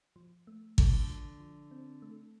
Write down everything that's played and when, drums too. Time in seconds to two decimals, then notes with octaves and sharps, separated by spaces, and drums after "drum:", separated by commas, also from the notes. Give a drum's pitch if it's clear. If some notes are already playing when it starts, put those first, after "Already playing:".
0.16 F3
0.47 A3
0.78 D3 A3, drum: kick G#1
1.09 F3
1.40 F3
1.71 C4
2.02 A3